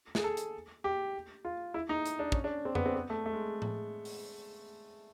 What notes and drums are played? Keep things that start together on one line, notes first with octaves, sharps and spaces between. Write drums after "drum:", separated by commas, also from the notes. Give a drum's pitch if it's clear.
G#4, drum: snare
A4
drum: hi-hat
G4
F4
E4
D#4
drum: hi-hat
D4
C#4, drum: kick
D4
C4
B3, drum: tom F2
C4
B3
A3
A3
G#3
drum: tom A2
drum: open hi-hat